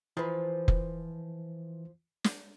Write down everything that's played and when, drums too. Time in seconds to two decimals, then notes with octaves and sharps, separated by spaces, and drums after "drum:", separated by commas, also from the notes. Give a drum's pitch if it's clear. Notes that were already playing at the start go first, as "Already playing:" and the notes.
0.17 E3 F3 E4 B4
0.68 drum: kick F1
2.24 drum: snare